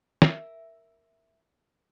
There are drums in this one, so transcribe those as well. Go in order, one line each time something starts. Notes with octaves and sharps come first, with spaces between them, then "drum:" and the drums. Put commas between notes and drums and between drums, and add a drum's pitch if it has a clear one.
A#4 E5, drum: snare